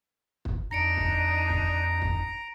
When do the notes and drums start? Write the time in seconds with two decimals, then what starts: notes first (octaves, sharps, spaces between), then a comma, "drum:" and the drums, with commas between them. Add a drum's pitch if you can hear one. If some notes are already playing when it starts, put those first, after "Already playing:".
0.45 drum: kick
0.71 F2 D4 D#4 A#5 A#6 C#7 D7
0.97 drum: kick
1.50 drum: kick
2.02 drum: kick